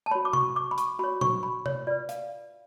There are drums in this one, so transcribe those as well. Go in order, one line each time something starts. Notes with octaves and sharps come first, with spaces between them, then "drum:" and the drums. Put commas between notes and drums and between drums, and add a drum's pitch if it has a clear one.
A5
F#4 C#5 B5
D6
C#6, drum: tom C3
D6
B5
C#6, drum: hi-hat
F#4 C#5 B5
C#6, drum: tom A#2
B5
C#5, drum: tom C3
F4 B4 D5
F5, drum: hi-hat